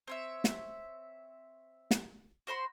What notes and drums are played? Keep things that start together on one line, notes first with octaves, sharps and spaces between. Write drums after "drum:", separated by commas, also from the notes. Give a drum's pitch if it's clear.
C4 C#5 E5
drum: snare
drum: snare
F#4 C5 B5 C6